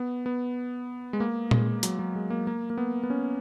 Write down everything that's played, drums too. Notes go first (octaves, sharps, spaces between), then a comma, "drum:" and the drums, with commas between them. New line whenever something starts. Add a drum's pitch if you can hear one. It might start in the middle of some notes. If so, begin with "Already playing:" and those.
Already playing: B3
B3
G#3
A#3
G#3, drum: tom A#2
F#3, drum: hi-hat
F#3
G#3
A#3
A#3
A#3
B3
B3
C#4